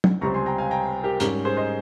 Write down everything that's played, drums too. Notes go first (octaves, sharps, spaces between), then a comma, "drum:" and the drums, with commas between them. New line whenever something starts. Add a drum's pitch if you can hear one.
drum: tom
C#2 C3 G3 C4 A#5 C#6
G#5 C6
G5 A#5
F5 G#5
G5 A#5
G4 A#4
G#2 G3 C#4 G4 A#4, drum: hi-hat
G#4 C5
C5 D#5